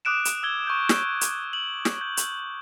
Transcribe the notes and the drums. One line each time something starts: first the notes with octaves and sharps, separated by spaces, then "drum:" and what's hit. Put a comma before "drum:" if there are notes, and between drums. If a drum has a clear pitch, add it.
D6 D#6 F#6 D7 E7
drum: hi-hat
E6 G#6 G7
C#6 G6
drum: snare
drum: hi-hat
F#7
drum: snare
G6
drum: hi-hat